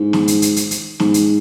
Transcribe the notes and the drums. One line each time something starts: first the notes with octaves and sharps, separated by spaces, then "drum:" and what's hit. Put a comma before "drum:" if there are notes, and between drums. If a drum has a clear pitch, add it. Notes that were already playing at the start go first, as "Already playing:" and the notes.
Already playing: G#2
drum: snare
drum: hi-hat
drum: hi-hat
drum: hi-hat
drum: hi-hat
G#2, drum: snare
drum: hi-hat